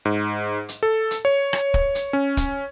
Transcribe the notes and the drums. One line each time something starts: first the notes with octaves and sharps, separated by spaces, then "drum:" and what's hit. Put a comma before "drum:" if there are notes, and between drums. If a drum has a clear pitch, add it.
G#2
drum: hi-hat
A4
drum: hi-hat
C#5
drum: rim click
drum: kick
drum: hi-hat
C#4
drum: kick, hi-hat